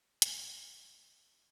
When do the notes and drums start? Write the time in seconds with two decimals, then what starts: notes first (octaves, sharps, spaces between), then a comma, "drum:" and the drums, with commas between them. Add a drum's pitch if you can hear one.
0.22 B4, drum: hi-hat
0.61 C#3
1.17 A3